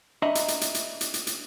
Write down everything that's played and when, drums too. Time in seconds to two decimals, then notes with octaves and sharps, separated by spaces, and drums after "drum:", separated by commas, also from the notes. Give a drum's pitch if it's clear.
0.22 D4 D#5 E5 A#5 B5
0.35 drum: hi-hat
0.48 drum: hi-hat
0.61 drum: hi-hat
0.74 drum: hi-hat
1.01 drum: hi-hat
1.14 drum: hi-hat
1.27 drum: hi-hat